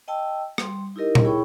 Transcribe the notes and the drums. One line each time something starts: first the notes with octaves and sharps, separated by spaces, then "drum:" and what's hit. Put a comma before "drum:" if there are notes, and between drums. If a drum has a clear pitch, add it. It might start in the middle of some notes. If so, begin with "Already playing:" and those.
D#5 G5 A5 E6
G3 C6, drum: rim click
D#4 E4 G4 A#4 D#5
drum: tom A#2
E4 G#4 C#5 G5 B5 C#6